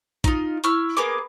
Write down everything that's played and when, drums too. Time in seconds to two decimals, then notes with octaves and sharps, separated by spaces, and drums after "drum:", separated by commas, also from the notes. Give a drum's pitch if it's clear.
0.24 D#4 F4, drum: kick, hi-hat
0.64 E4 C#6 E6 F6, drum: hi-hat
0.97 A#3 B3 G#4 D6